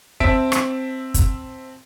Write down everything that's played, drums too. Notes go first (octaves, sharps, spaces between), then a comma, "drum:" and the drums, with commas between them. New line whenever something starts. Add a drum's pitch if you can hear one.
C4 E5 A5 B6 D7, drum: kick
drum: rim click
drum: kick, hi-hat